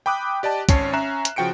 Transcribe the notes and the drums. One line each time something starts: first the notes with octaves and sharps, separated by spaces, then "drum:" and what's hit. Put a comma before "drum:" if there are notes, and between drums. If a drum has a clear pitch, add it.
G5 B5 D6 D#6 F#6
G4 D5 D#5 A5
G#1 C#4 C#5 A5 C7, drum: kick, hi-hat
C#4 E5 A#5 F#6 E7
drum: hi-hat
C#3 F3 F#4 G5 C#7 D7